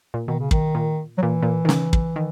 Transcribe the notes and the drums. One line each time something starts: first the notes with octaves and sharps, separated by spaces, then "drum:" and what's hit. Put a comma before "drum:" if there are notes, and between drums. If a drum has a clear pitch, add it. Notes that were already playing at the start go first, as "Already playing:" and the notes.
A#2
B2 D#3
C#3
D#3, drum: kick
A#2
F#3
A#2 E3
A#2
D#3
C#3, drum: snare
drum: kick
D#3